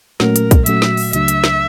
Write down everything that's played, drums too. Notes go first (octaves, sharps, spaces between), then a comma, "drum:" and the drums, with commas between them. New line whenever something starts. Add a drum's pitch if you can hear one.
A#2 F#3 A3 C#4 F#4 A#4, drum: snare
drum: hi-hat
drum: kick, hi-hat
A#2 F#3 A3 C#4 F#4 E5, drum: hi-hat
drum: snare
drum: open hi-hat
C#2 C#3 F#3 A3 D4 E5, drum: hi-hat
drum: hi-hat
drum: snare